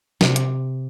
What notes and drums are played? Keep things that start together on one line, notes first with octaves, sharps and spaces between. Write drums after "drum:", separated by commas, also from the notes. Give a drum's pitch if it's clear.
C3, drum: snare
drum: hi-hat